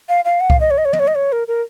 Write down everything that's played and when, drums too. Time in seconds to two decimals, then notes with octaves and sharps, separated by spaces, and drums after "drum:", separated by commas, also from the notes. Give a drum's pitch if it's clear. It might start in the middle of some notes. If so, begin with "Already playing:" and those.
0.09 F5
0.25 F5
0.40 F#5
0.50 F5, drum: kick C2
0.60 D#5
0.71 C#5
0.78 D#5
0.85 C#5
0.93 D#5, drum: tom
0.99 C#5
1.08 D#5
1.15 C#5
1.32 A#4
1.48 A#4